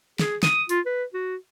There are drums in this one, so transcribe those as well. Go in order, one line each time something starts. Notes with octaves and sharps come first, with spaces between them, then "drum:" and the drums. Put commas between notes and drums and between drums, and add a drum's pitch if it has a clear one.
G#4, drum: snare
D#6, drum: snare
F4, drum: hi-hat
B4
F#4